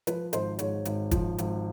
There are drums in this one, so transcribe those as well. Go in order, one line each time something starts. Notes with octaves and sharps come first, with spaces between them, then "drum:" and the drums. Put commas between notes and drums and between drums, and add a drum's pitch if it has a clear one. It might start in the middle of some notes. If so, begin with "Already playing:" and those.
F3 B4, drum: hi-hat
G#1 C5, drum: hi-hat
G#2 C#5, drum: hi-hat
G#1, drum: hi-hat
F3, drum: kick, hi-hat
G#1, drum: hi-hat